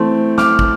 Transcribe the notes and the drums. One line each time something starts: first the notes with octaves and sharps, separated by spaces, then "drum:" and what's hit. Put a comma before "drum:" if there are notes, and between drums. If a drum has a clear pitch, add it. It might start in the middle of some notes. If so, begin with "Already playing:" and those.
Already playing: E3 A3 C4
D6 F6, drum: snare
drum: kick